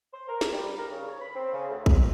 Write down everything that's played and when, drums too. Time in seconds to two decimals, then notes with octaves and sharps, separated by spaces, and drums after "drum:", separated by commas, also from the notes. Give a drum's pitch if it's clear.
0.13 C5
0.28 A#4
0.41 drum: snare
0.52 G3
0.77 A#4
0.90 C#3
1.08 C#5
1.20 B5
1.35 C4
1.53 C#3
1.70 D2
1.86 C4, drum: kick